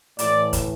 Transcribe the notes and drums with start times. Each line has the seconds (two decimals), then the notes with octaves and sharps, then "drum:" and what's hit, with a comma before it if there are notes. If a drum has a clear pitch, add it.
0.19 A2 E3 D5, drum: hi-hat
0.53 drum: kick, hi-hat